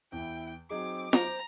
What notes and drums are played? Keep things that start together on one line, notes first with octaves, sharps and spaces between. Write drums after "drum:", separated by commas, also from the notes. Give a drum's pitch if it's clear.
E2 E4 G5
F#3 C4 D#4 G#4 D6
C5 A#5, drum: snare